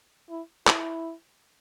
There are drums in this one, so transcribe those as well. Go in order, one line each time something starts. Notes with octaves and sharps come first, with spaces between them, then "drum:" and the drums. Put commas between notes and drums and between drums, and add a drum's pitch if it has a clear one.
E4
E4, drum: clap